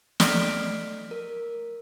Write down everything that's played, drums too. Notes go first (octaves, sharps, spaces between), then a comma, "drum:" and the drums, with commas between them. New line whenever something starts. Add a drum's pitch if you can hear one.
A3 D5 F6 B6 D7, drum: snare
A#4